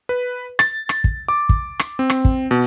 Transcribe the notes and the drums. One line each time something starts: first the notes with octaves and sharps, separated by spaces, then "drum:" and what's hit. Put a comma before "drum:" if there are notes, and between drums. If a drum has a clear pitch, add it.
B4
A6, drum: rim click
drum: rim click
drum: kick
D6
drum: kick
drum: rim click
C4
drum: rim click
drum: kick
B2